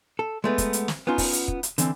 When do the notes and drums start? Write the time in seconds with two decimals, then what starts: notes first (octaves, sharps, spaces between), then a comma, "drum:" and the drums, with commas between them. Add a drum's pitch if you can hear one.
0.19 A4
0.44 G#3 A3 B3
0.58 drum: kick, hi-hat
0.73 drum: hi-hat
0.88 drum: snare
1.07 B3 C#4 D#4 F4
1.18 drum: kick, open hi-hat
1.33 drum: hi-hat
1.48 drum: kick
1.63 drum: hi-hat
1.78 D3 E3 C4, drum: hi-hat